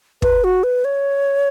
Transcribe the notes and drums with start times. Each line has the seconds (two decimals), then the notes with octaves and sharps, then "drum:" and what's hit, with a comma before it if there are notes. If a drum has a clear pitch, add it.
0.22 B4, drum: kick
0.44 F#4
0.63 B4
0.85 C#5